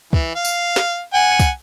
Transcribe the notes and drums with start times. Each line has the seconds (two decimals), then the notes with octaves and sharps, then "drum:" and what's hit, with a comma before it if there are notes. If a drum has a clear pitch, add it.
0.13 E3, drum: kick
0.35 F5
0.45 drum: tambourine
0.76 drum: snare
1.14 F#5 G#5
1.40 drum: kick, tambourine